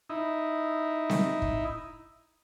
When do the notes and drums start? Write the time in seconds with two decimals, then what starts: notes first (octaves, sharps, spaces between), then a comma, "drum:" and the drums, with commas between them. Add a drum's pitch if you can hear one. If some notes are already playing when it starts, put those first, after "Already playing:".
0.10 D#4 E4
1.10 drum: snare C4
1.42 drum: kick